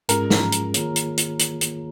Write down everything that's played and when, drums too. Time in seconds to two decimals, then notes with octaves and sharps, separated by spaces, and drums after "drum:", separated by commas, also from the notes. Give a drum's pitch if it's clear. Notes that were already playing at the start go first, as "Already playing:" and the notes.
0.09 G#2 G#3 C#4 F4 G#4 A#4, drum: hi-hat
0.30 drum: snare
0.52 drum: hi-hat
0.74 D#3 A#3 F4 G#4 C#5, drum: hi-hat
0.96 drum: hi-hat
1.17 drum: hi-hat
1.39 drum: hi-hat
1.61 drum: hi-hat